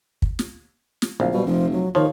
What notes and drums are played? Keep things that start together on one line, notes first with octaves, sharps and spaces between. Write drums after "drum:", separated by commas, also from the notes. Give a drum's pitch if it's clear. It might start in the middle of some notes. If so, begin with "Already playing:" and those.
drum: kick
drum: snare
drum: snare
D1 A#1 F5
B2 G3
F1 F3
F#3
D#2 D#3 F3 C#5 F5